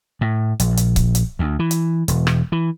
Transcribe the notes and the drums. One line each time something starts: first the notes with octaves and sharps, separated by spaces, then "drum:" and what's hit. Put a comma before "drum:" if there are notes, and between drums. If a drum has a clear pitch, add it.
A2
A#1, drum: hi-hat
drum: hi-hat
drum: kick C#1, hi-hat
drum: hi-hat
D2
E3
drum: hi-hat
E1, drum: hi-hat
drum: rim click
E3